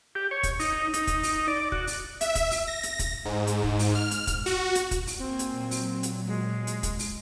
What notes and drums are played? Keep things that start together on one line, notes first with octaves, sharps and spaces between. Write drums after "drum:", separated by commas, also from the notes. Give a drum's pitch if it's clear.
G4
C#5
drum: kick, hi-hat
D#4, drum: open hi-hat
D#4, drum: hi-hat
drum: kick, hi-hat
drum: open hi-hat
D5
F#4, drum: kick
drum: open hi-hat
E5, drum: hi-hat
drum: kick, hi-hat
drum: open hi-hat
A#6
drum: hi-hat
drum: kick, hi-hat
G#2
drum: hi-hat
drum: kick
drum: open hi-hat
F6
drum: hi-hat
drum: kick, hi-hat
F#4, drum: open hi-hat
drum: hi-hat
drum: kick, hi-hat
drum: open hi-hat
A#3 C4 G#5
drum: hi-hat
A#2 F#3
drum: open hi-hat
drum: hi-hat
G#3
drum: hi-hat
drum: kick, hi-hat
drum: open hi-hat